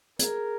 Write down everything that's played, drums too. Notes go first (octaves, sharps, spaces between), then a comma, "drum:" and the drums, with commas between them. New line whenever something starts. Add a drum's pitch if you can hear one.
G#4 A#4, drum: hi-hat